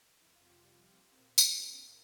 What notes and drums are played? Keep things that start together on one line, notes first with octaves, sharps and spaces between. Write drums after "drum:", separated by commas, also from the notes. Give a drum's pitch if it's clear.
F2 E4
F4
C3
G4
G3 G4
G4
F2
F4
A#3 G4
C4
A#2
C4
A#2 D4, drum: tambourine
A#3
A#2